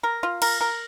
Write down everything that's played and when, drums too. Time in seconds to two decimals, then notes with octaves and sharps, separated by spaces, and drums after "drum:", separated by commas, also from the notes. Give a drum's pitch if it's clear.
0.03 A#4
0.23 F4
0.42 A#4, drum: cymbal
0.61 A#4